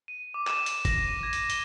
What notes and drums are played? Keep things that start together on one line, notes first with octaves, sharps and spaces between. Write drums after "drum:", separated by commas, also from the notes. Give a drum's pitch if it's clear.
D#7
D6
E7, drum: clap
drum: hi-hat
A#6, drum: kick F#1, hi-hat
D#7
G#6
drum: hi-hat
G7, drum: hi-hat